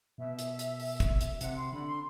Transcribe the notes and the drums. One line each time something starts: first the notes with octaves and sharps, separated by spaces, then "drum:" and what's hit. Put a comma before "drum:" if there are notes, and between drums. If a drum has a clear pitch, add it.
B2 E5
drum: hi-hat
drum: hi-hat
drum: open hi-hat
drum: kick, hi-hat
drum: hi-hat
C3 F#5, drum: hi-hat
C6
D3 B5
C6